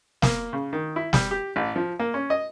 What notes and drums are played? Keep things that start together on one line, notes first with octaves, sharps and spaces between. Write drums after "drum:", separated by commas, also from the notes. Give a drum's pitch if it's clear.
A#3, drum: snare
C#3
D#3
E4
G3, drum: snare
G4
A1
F3
A#3
C#4
D#5